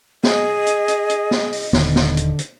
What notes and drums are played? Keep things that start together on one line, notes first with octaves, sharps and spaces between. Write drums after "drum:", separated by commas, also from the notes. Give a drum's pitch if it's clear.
G#4 D#5, drum: snare
drum: hi-hat
drum: hi-hat
drum: hi-hat
drum: snare
drum: open hi-hat
D#1 D3 D#3, drum: snare
drum: snare
drum: hi-hat
drum: hi-hat